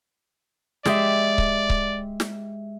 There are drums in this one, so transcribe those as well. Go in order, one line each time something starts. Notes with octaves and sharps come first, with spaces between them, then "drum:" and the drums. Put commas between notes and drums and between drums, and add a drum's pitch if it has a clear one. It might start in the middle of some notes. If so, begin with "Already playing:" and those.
G#3 G4 D5 E5, drum: snare
drum: kick C#1
drum: kick C#1
drum: snare